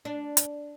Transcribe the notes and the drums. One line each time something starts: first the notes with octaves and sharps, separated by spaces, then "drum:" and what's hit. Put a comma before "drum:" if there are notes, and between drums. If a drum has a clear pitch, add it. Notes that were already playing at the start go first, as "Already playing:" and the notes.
D4
drum: hi-hat